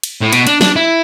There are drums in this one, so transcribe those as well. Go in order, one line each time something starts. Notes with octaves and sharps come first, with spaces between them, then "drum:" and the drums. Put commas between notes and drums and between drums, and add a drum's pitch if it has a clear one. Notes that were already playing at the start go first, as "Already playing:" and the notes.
drum: cymbal
A2
B2, drum: cymbal
D4, drum: cymbal
D4, drum: snare
E4